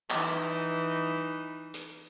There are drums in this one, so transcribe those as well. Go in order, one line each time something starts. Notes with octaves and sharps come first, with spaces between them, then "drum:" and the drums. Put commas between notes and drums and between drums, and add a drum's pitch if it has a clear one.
E3 D#4, drum: clap
drum: hi-hat